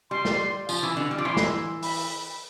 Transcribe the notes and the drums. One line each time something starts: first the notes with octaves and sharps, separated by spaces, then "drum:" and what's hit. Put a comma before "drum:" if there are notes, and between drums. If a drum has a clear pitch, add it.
G3 C6
drum: snare
F3, drum: tambourine
E3
D3
G3
F3 D6
E3 C6
drum: snare
B5, drum: open hi-hat